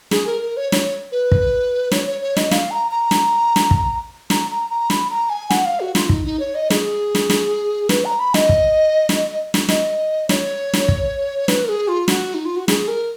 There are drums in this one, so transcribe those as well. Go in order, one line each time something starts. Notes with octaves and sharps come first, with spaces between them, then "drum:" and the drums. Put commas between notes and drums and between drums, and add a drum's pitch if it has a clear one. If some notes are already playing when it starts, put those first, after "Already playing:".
G#4, drum: snare
A#4
A#4
C#5
C#5, drum: snare
B4
drum: kick
C#5, drum: snare
C#5
C#5
D#5, drum: snare
F5, drum: snare
A#5
A#5
drum: snare
drum: snare
drum: kick
A#5, drum: snare
A#5
A#5
B5, drum: snare
A#5
G#5
F#5, drum: snare
F5
F#4
F4, drum: snare
D#4, drum: kick
D#4
C#5
D#5
G#4, drum: snare
drum: snare
drum: snare
B4, drum: snare
A#5
B5
D#5, drum: snare
drum: kick
drum: snare
drum: snare
D#5, drum: snare
C#5, drum: snare
drum: snare
drum: kick
B4, drum: snare
A#4
G#4
F4
F#4, drum: snare
D#4
F4
F#4
G#4, drum: snare
A#4